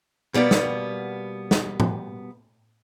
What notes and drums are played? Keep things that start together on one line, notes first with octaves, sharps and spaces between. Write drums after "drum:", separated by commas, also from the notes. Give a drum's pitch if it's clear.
B2 G3 A#3 B3
drum: snare
drum: snare
drum: tom